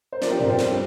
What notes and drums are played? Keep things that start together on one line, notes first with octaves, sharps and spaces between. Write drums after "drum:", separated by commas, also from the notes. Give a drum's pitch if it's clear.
C5
F3 A#4 D5, drum: snare
G4 C5
F2 A#4 D5, drum: tom G2
G4 C5
G3, drum: snare